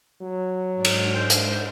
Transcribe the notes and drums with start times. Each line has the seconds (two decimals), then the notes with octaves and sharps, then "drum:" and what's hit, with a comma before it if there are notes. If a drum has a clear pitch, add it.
0.22 F#3
0.75 G#2 D4
0.85 drum: cymbal
1.14 C5 G5
1.30 drum: hi-hat